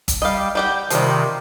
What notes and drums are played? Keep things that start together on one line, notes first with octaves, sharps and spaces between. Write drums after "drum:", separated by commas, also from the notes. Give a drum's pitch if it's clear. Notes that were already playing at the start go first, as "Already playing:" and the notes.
drum: kick G1, hi-hat
G3 D#5 F5
G3 G4 F#5 G6
C3 D#3 F3 G3, drum: hi-hat